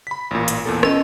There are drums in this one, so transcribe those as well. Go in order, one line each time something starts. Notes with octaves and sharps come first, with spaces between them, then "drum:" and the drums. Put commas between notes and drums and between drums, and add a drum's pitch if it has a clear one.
B5 B6
A1 A#2
drum: hi-hat
E2 A#2 A4
C#4 A4 D#5, drum: rim click